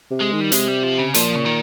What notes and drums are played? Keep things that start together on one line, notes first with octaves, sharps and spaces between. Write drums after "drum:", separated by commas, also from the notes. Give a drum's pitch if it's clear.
C3
G#3
D#3
G3
C3 G#3, drum: hi-hat
G3
F3
C#3
A#2 F3, drum: hi-hat
C#3
D#3